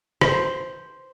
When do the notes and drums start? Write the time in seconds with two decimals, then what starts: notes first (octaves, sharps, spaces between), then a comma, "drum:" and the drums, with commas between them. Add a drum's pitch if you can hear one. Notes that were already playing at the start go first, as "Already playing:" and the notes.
0.21 C5, drum: rim click